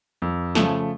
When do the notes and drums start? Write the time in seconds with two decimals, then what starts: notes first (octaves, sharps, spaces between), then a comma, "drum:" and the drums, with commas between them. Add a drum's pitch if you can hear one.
0.22 F2
0.55 C#3 F3 A3, drum: snare